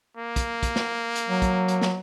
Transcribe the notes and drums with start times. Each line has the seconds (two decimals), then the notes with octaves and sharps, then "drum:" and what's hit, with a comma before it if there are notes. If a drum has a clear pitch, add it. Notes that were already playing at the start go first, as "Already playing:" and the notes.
0.17 A#3
0.36 drum: kick, hi-hat
0.63 drum: kick, hi-hat
0.76 drum: snare
1.15 drum: hi-hat
1.29 F#3
1.42 drum: kick, hi-hat
1.68 drum: hi-hat
1.82 drum: snare